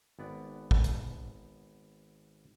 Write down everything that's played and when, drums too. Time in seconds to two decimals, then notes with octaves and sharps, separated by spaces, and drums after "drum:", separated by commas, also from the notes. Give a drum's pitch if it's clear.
0.19 G#1 B3 D5
0.71 drum: kick
0.84 drum: hi-hat